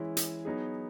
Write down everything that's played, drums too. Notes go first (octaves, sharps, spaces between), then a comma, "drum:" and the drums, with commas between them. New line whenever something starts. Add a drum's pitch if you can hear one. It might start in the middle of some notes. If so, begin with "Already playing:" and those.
Already playing: E3 G#3 C#4 E4
drum: hi-hat
F#3 B3 D#4 G#4